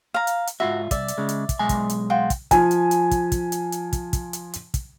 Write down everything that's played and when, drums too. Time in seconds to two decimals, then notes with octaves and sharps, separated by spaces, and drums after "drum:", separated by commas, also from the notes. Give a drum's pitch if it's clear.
0.14 F5 A#5
0.27 drum: hi-hat
0.47 drum: hi-hat
0.60 G#2 F4 F#4 E5
0.91 C2 D5 E5, drum: kick, hi-hat
1.08 drum: hi-hat
1.18 C#3 G#3
1.29 drum: hi-hat
1.49 drum: kick, hi-hat
1.59 B1 G#3 G#5
1.69 drum: kick, hi-hat
1.90 drum: hi-hat
2.10 F4 F#4 G5
2.30 drum: kick, hi-hat
2.51 F3 G#5, drum: kick, hi-hat
2.71 drum: hi-hat
2.91 drum: hi-hat
3.11 drum: kick, hi-hat
3.32 drum: kick, hi-hat
3.52 drum: hi-hat
3.72 drum: hi-hat
3.93 drum: kick, hi-hat
4.13 drum: kick, hi-hat
4.33 drum: hi-hat
4.53 drum: hi-hat
4.74 drum: kick, hi-hat